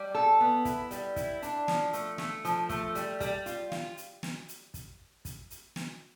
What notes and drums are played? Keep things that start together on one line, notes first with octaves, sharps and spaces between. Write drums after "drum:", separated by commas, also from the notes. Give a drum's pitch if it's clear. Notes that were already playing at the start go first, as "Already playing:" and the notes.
Already playing: G3
A4
B3
E4, drum: kick, hi-hat
G3, drum: hi-hat
E4, drum: kick, hi-hat
D4, drum: hi-hat
F3, drum: snare
A3, drum: hi-hat
A3, drum: snare
F3, drum: hi-hat
A3, drum: kick, hi-hat
G3, drum: hi-hat
G3, drum: kick, hi-hat
F4, drum: hi-hat
F4, drum: snare
drum: hi-hat
drum: snare
drum: hi-hat
drum: kick, hi-hat
drum: kick, hi-hat
drum: hi-hat
drum: snare